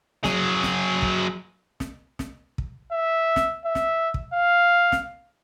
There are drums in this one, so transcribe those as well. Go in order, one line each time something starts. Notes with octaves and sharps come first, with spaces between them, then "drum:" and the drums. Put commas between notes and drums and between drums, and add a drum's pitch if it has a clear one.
F#3 G#4, drum: snare
drum: snare
drum: kick
drum: snare
drum: snare
drum: kick
E5
drum: snare
E5
drum: snare
drum: kick
F5
drum: snare